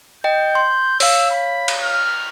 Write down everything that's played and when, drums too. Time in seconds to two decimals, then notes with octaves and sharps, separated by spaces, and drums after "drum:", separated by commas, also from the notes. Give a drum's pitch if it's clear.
0.24 D#5 G5 G6
0.55 C6
1.00 C#5 F5 E6, drum: open hi-hat
1.31 B5
1.68 drum: cymbal
1.83 F6